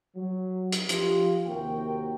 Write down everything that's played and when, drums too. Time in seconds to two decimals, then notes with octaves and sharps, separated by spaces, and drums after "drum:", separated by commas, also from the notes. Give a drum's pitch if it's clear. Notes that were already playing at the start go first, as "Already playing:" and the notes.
0.16 F#3
0.72 drum: hi-hat
0.89 F3 F4 G4, drum: hi-hat
1.47 D#2 C3 F#4 A#4 G5